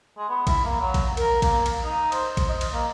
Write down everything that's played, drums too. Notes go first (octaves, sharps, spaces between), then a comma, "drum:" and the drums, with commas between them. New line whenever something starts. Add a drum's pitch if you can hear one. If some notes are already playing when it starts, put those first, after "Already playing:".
G#3
B3
E4, drum: kick A#1, cymbal
A#3
F#3
drum: kick A#1, cymbal
A#4, drum: cymbal
A#3, drum: kick A#1, cymbal
drum: cymbal
D#4
C5, drum: cymbal
drum: kick A#1, cymbal
D#5
drum: cymbal
A#3